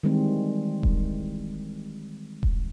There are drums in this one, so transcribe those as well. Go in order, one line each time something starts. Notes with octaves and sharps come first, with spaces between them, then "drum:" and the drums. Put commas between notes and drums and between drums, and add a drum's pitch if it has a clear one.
D#3 E3 G3 G#3 C4
drum: kick D#1
drum: kick D#1